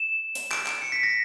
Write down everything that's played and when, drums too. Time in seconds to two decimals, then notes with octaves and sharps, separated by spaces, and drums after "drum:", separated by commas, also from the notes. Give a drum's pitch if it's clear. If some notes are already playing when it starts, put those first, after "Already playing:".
Already playing: E7
0.35 drum: hi-hat
0.51 D7, drum: clap
0.66 drum: clap
0.82 C#7
0.92 B6
1.03 A#6